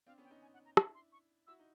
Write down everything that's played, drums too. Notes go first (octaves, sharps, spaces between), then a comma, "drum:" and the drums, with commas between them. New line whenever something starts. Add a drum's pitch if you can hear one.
C4 D4 F5
B3 C#4
G5
C#4 D#4
G#5
F#5
A#5
D4 E4 B5, drum: rim click
C6
C#6
E4 F#4 E6
D#4